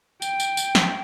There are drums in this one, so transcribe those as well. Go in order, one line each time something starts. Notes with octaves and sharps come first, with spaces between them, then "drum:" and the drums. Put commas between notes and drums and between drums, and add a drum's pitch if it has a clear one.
G5, drum: tambourine
drum: tambourine
drum: tambourine
drum: snare